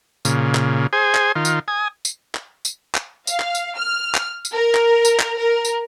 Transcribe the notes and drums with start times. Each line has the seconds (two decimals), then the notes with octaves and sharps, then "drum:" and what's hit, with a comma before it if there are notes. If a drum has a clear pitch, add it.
0.25 A#2 C#3, drum: tambourine
0.55 drum: clap
0.93 G#4 C5 G#5
1.15 drum: clap
1.36 D#3 F4
1.45 drum: tambourine
1.68 G#5 D#6
2.05 drum: tambourine
2.35 drum: clap
2.65 drum: tambourine
2.95 drum: clap
3.27 F5, drum: tambourine
3.40 drum: clap
3.55 drum: tambourine
3.76 F6
4.15 drum: clap
4.45 drum: tambourine
4.54 A#4
4.75 drum: clap
5.05 drum: tambourine
5.20 drum: clap
5.39 A#4
5.65 drum: tambourine